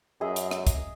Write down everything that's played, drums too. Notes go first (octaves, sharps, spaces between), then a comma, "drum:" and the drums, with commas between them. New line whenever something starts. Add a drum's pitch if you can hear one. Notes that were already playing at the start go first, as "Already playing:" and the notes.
F#2 G#4 D#5 E5
drum: hi-hat
drum: rim click
drum: kick, hi-hat